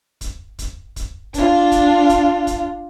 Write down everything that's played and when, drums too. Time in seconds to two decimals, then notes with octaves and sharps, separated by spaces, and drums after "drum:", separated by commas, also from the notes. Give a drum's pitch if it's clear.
0.21 drum: kick, hi-hat
0.59 drum: kick, hi-hat
0.96 drum: kick, hi-hat
1.34 D4 F4, drum: kick, hi-hat
1.72 drum: kick, hi-hat
2.09 drum: kick, hi-hat
2.47 drum: kick, hi-hat